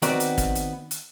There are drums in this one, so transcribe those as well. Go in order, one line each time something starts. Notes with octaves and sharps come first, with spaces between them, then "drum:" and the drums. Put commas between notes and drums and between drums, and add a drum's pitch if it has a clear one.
D#3 B3 C4 F#4 D5, drum: hi-hat
drum: hi-hat
drum: kick, hi-hat
drum: hi-hat
drum: hi-hat